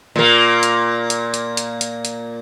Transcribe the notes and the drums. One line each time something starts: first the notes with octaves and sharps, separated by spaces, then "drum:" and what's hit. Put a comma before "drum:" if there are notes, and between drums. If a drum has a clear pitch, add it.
A#2 A#3
drum: hi-hat
drum: hi-hat
drum: hi-hat
drum: hi-hat
drum: hi-hat
drum: hi-hat